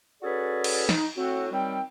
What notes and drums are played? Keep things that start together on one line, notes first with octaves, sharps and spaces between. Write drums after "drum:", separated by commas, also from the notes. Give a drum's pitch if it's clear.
C#4 F#4 G#4 A4 B4 D5
drum: cymbal
D#4, drum: snare
A2 C4 F#4
D#3 F#3 G3 C4 G5